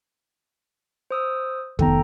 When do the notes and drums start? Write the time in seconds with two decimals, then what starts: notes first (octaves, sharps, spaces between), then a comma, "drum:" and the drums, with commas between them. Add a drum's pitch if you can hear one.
1.11 C5 D#6 E6
1.79 F1 D#3 B3 A4 G5 A#5, drum: kick